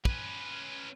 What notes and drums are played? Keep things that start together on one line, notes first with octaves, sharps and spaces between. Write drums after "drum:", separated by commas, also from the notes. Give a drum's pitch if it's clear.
C#4 B4, drum: kick